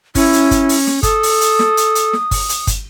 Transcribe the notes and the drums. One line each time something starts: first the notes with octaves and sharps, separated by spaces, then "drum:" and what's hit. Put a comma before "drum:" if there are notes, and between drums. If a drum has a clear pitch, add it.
C#4 E4, drum: kick, open hi-hat
drum: hi-hat
drum: kick, hi-hat
drum: open hi-hat
drum: snare
A4 D#6, drum: kick, hi-hat
drum: open hi-hat
drum: hi-hat
drum: snare
drum: hi-hat
drum: hi-hat
drum: snare
drum: kick, open hi-hat
drum: hi-hat
drum: kick, hi-hat